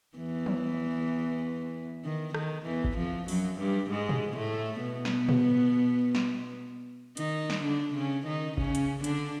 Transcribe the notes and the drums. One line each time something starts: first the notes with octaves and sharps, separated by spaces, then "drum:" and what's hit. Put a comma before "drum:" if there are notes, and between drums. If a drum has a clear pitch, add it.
E2 E3
drum: tom
D#3
D#3, drum: rim click
E2 E3
drum: kick G#1
F2 F3
F#2 F#3, drum: open hi-hat
G2 G3
G#2 G#3
drum: tom
A2 A3
B2 B3
drum: snare
drum: tom
drum: snare
D#3 D#4, drum: hi-hat
drum: snare
D3 D4
C#3 C#4
D#3 D#4
C#3 C#4, drum: kick G#1
drum: hi-hat
D3 D4, drum: hi-hat